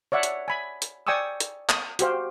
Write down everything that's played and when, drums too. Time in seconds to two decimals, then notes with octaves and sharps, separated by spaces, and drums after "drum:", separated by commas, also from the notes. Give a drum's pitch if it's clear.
0.12 C#5 D5 E5 F#5
0.23 drum: hi-hat
0.48 G#5 B5
0.82 drum: hi-hat
1.07 D5 G5 G#5 C#6 D#6 E6
1.40 drum: hi-hat
1.69 D#6, drum: clap
1.99 F#4 G4 C5 F5, drum: hi-hat